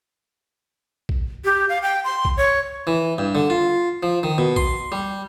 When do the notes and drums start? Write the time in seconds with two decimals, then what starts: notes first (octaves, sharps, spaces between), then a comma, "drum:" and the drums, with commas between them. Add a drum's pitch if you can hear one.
1.09 drum: kick A#1
1.45 G4
1.69 F5
1.83 G5
2.04 C6
2.25 drum: kick A#1
2.37 C#5
2.87 E3
3.18 G2
3.35 D3
3.50 F4
4.03 F3
4.23 D#3
4.38 B2
4.56 C6, drum: kick A#1
4.92 G3